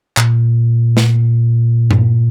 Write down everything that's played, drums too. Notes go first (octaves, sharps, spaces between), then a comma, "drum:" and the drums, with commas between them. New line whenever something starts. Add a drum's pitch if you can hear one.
A#2, drum: clap
drum: snare
drum: tom G2